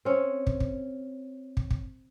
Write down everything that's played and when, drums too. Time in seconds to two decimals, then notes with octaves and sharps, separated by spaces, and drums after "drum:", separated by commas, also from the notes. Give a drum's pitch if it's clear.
0.05 C4 C#4
0.47 drum: kick
0.60 drum: kick
1.57 drum: kick
1.71 drum: kick